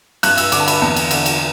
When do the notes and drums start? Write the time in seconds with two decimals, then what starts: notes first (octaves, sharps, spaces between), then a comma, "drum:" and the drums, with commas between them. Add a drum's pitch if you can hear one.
0.23 G2 F#6, drum: cymbal
0.38 E6, drum: cymbal
0.52 D3 D6, drum: cymbal
0.60 A5
0.68 B5, drum: cymbal
0.82 E2 A5
0.96 drum: cymbal
1.11 D3, drum: cymbal
1.26 drum: cymbal